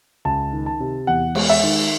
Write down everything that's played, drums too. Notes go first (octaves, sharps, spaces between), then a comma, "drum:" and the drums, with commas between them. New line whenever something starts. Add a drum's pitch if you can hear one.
C#2 A5
D#3
A5
C3
E2 F#5
G#3, drum: cymbal
E5
D#3